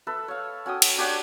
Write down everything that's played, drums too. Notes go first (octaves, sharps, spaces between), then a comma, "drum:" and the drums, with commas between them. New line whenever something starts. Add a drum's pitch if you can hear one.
A4 B4 E5
C#5 F5
C#4 F#4 G5 D#6
drum: cymbal
D4 G4 C#5 F#5